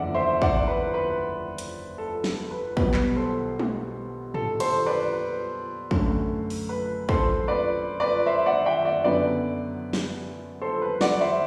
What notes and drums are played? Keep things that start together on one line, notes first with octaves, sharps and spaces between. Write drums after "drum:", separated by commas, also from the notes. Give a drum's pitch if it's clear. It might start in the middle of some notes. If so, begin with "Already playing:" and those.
Already playing: F#1 E2 D3 D5 E5 F#5
C5 E5
D5 F#5, drum: kick
B4
B4
drum: hi-hat
A4
A4, drum: snare
B4
B1 B2 G3 B3 B4, drum: kick
drum: clap
A4 C5
drum: tom
A4, drum: tom
A4 C5, drum: cymbal
B4 D5
B4
F#2 D3 A3, drum: kick
drum: open hi-hat
B4
A4 C5, drum: kick
B4 D5
B4 D5
C5 E5
D5 F#5
E5 G5
D5 F#5
F#2 D3 F#3 B3 B4 D5
drum: snare
A4 C5
A4
B4
D5 F#5, drum: snare
C5 E5